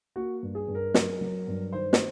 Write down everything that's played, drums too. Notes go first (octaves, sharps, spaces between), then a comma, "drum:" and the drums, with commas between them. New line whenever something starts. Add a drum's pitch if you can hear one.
A#3 F#4
G2
G#4
G2
A#4
F#3, drum: snare
F#3
G2
D#3 C5
drum: snare